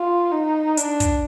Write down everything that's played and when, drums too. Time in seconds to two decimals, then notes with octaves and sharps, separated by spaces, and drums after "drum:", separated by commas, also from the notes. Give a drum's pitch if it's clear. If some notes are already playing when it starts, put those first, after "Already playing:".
Already playing: F4
0.32 D#4
0.77 D4, drum: hi-hat
1.00 drum: kick, hi-hat